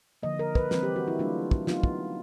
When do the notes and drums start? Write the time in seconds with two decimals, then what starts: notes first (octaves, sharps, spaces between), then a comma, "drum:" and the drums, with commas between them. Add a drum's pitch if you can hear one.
0.23 D3 F3 A#3 D#5
0.39 A#4
0.55 B4, drum: kick
0.71 E3 G3 C4 B4, drum: snare
0.83 G4
0.96 F#4
1.08 E4
1.19 F#3 A3 D4 F4
1.51 drum: kick
1.67 F#3 B3 D#4 F4, drum: snare
1.83 drum: kick